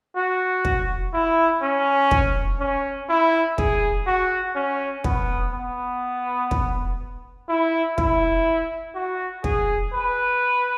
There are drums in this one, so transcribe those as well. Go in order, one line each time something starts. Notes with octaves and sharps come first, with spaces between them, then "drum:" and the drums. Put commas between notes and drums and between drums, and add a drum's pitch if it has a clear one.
F#4
drum: kick
E4
C#4
drum: kick
C#4
E4
G#4, drum: kick
F#4
C#4
B3, drum: kick
B3
drum: kick
E4
E4, drum: kick
F#4
G#4, drum: kick
B4